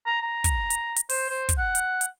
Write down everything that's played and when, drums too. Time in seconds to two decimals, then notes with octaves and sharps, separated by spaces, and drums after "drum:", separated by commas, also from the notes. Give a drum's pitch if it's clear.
0.06 A#5
0.21 A#5
0.44 drum: kick, hi-hat
0.70 drum: hi-hat
0.96 drum: hi-hat
1.09 C5, drum: open hi-hat
1.30 C5
1.49 drum: kick, hi-hat
1.58 F#5
1.75 drum: hi-hat
2.01 drum: hi-hat